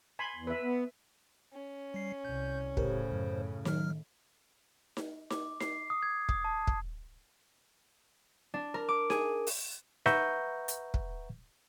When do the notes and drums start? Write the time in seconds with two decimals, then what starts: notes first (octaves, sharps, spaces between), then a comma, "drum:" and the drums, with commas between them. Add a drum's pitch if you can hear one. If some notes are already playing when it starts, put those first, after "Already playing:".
0.19 G#5 B5 C6
0.36 E2
0.47 B4 E5
0.62 B3
1.53 C#4
1.94 G3 C7
2.25 C2 G6
2.77 A2 C#3 G4 A#4 C5, drum: kick
3.12 F#2
3.65 D#3 F#3 F6, drum: snare D#4
4.97 drum: snare D#4
5.30 D6, drum: snare D#4
5.60 C7, drum: snare D#4
5.90 D#6
6.03 G#6
6.29 D#6, drum: kick
6.45 A5
6.67 drum: kick
8.54 D4
8.74 A#4
8.89 D6
9.10 G#4, drum: snare D#4
9.47 drum: open hi-hat
10.06 B4 E5 F#5 A#5 C#6 G6, drum: snare D#4
10.68 drum: hi-hat
10.94 drum: kick